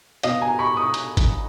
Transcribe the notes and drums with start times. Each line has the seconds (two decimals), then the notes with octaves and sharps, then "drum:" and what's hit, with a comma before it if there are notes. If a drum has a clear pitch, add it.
0.23 B2 D#5 F5, drum: hi-hat
0.41 G#5 A#5
0.59 B5 C#6
0.76 C#6 D#6
0.94 drum: hi-hat
1.17 drum: kick G1, hi-hat